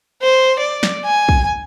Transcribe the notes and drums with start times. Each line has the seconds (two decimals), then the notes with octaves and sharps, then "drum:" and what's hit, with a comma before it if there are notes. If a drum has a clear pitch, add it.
0.23 C5
0.59 D5
0.83 drum: snare
1.06 G#5
1.29 drum: kick